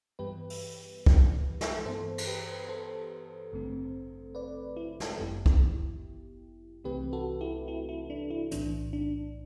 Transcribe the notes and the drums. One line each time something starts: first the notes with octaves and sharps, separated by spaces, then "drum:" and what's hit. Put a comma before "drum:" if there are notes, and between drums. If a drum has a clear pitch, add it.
G2 E3 G3 B3 G4 B4
drum: open hi-hat
drum: kick
drum: snare
G2 E3 B3 A4 C5
drum: cymbal
G4 B4
A4 C5
A1 G2 D3 A3 C4
B4 D5
E4
drum: snare
G1 F#2 F#3 B3 E4 G4
drum: kick
C2 C3 E3 A3 C4 G4 B4
F#4 A4
E4 G4
E4
E4
D4
E4
B1 A2 E3 D4, drum: hi-hat
D4